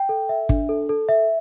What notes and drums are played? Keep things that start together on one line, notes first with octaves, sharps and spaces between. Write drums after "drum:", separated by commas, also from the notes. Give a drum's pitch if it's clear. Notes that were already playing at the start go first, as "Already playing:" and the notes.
Already playing: G5
A4
E5
D4, drum: kick
A4
A4
E5